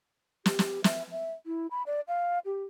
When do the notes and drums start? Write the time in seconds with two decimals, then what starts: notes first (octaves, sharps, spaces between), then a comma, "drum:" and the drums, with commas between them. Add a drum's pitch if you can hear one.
0.46 G4, drum: snare
0.59 drum: snare
0.84 E5, drum: snare
1.11 E5
1.46 E4
1.71 B5
1.86 D5
2.08 F5
2.45 G4